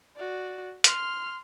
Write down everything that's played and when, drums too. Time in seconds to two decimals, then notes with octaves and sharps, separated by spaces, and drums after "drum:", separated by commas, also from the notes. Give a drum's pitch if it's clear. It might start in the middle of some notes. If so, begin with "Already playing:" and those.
0.16 F#4 D5
0.84 C6 F6, drum: hi-hat